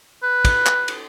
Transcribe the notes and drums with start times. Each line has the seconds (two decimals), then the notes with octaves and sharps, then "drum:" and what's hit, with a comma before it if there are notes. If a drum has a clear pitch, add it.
0.23 B4
0.45 drum: kick, cymbal
0.66 drum: clap
0.88 drum: cymbal